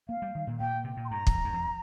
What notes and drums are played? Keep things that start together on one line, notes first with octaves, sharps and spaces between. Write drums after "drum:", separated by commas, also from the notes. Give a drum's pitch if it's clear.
A#3 F5
G3
D#3
A#2
A#2 G5
C3
A#2
C6
G2 A#5
F2, drum: kick
G2
F2